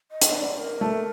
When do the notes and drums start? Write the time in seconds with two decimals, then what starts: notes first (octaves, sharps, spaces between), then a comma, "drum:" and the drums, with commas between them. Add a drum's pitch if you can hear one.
0.11 D#5
0.21 drum: hi-hat
0.34 D5
0.58 A#4
0.81 A3